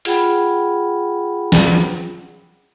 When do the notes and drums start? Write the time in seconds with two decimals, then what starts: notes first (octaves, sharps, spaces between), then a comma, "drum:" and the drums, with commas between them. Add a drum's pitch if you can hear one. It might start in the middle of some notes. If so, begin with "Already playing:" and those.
0.05 F4 G#4 F#5 G5 B5, drum: hi-hat
1.52 drum: snare